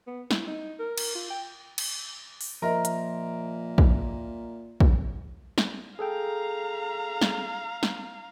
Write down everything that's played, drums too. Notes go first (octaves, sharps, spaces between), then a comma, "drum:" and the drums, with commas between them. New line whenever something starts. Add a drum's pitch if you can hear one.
B3
E4, drum: snare
D#4
A#4
drum: cymbal
F4
G5
drum: cymbal
drum: open hi-hat
A#2 F3 A#4 D#5 E5 C6
drum: hi-hat
drum: kick
drum: kick
drum: snare
G#4 A4 F5 G5 A#5
drum: snare
drum: snare